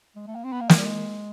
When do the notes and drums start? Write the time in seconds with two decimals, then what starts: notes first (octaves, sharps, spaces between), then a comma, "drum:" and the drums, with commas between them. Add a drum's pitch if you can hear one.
0.16 G#3
0.27 A3
0.35 A#3
0.44 C4
0.52 B3
0.61 A#3
0.69 A3, drum: snare
0.77 G3
0.86 G#3